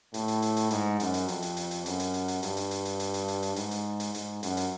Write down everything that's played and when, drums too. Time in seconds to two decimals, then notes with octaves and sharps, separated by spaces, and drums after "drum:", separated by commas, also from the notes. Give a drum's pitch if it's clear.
0.14 A2, drum: hi-hat
0.28 drum: hi-hat
0.42 drum: hi-hat
0.57 drum: hi-hat
0.71 G#2, drum: hi-hat
1.00 F#2, drum: hi-hat
1.14 drum: hi-hat
1.28 F2, drum: hi-hat
1.42 drum: hi-hat
1.57 drum: hi-hat
1.71 drum: hi-hat
1.86 F#2, drum: hi-hat
2.00 drum: hi-hat
2.14 drum: hi-hat
2.28 drum: hi-hat
2.43 G2, drum: hi-hat
2.57 drum: hi-hat
2.71 drum: hi-hat
2.85 drum: hi-hat
3.00 drum: hi-hat
3.14 drum: hi-hat
3.28 drum: hi-hat
3.43 drum: hi-hat
3.56 G#2, drum: hi-hat
3.71 drum: hi-hat
4.00 drum: hi-hat
4.14 G#2, drum: hi-hat
4.43 F#2, drum: hi-hat
4.57 drum: hi-hat